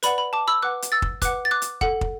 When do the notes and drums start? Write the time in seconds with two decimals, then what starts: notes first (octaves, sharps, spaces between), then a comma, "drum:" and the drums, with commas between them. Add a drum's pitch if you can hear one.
0.03 B4 D5 F#5 B5, drum: hi-hat
0.18 B5
0.33 A5 D6
0.47 B5 E6
0.63 B4 F#5 D6 F#6
0.82 drum: hi-hat
0.92 E6 A6
1.02 drum: kick
1.22 B4 F#5 D6 F#6, drum: kick, hi-hat
1.45 A6
1.51 D6 F#6
1.62 drum: hi-hat
1.81 A4 F#5, drum: kick
2.01 drum: kick